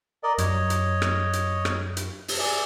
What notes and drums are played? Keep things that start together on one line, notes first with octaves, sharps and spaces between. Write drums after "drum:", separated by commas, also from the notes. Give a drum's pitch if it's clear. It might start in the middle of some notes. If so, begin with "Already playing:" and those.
A#4 D5 D#5
F#2 C#5 D#5, drum: hi-hat
drum: hi-hat
drum: rim click
drum: hi-hat
drum: rim click
drum: hi-hat
drum: open hi-hat
G#4 D5 E5